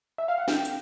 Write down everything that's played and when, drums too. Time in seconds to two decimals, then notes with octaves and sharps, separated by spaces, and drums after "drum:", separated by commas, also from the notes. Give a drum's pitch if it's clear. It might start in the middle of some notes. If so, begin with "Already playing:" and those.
0.18 E5
0.28 F5
0.38 F#5
0.48 G5, drum: snare
0.65 drum: hi-hat